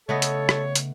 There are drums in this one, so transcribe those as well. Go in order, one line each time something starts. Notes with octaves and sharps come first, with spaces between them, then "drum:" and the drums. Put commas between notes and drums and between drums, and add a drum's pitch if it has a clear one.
C#3 A3 B3 A4 C#5 D#5
drum: hi-hat
drum: rim click
drum: hi-hat